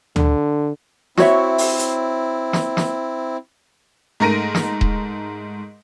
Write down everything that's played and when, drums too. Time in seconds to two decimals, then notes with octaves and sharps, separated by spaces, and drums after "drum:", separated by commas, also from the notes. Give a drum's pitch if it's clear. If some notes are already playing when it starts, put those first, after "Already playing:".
0.16 D3, drum: tom D2
1.17 C4 E4 F#4 C#5 E5, drum: snare
1.58 drum: open hi-hat
1.79 drum: hi-hat
2.53 drum: snare
2.77 drum: snare
4.20 G#2 A3 A#4 A#6 D7 D#7
4.55 drum: snare
4.81 drum: kick D#1